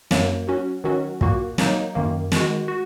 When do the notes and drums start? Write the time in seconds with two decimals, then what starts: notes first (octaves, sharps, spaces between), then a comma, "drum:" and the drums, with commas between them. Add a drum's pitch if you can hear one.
0.11 F#2 F#3 A#3, drum: snare
0.47 F#3 C#4 F#4
0.84 D#3 F#3 C#4 F#4
1.21 A#2 A#3 F#4, drum: kick
1.58 F#3 A#3 D#4, drum: snare
1.95 F#2 D#3 A#3
2.32 D#3 G#3 F#4, drum: snare
2.68 F#4